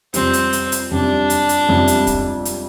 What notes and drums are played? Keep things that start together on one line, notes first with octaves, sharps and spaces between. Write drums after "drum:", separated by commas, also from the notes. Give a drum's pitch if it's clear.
F2 C3 G3 C4, drum: hi-hat
drum: hi-hat
drum: hi-hat
drum: hi-hat
F2 C3 G3 D4
drum: hi-hat
drum: hi-hat
F2 C3 G3
drum: hi-hat
drum: kick, hi-hat
drum: hi-hat